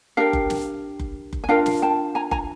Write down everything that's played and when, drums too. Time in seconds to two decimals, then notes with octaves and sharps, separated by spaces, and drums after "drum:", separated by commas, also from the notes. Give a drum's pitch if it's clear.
0.17 D4 G4 A#4 F5 G5
0.33 drum: kick F#1
0.50 drum: snare
1.00 drum: kick F#1
1.33 drum: kick F#1
1.44 G#5
1.49 D4 F4 A#4 F5 G5
1.66 drum: snare
1.82 G5 A5
2.15 G#5 A#5
2.31 G#5 A#5, drum: kick F#1